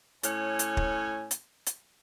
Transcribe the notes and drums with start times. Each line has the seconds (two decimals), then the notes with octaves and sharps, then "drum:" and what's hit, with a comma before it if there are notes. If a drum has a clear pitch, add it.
0.23 A2 C#4 C#5 G#5, drum: hi-hat
0.59 drum: hi-hat
0.77 drum: kick
1.31 drum: hi-hat
1.66 drum: hi-hat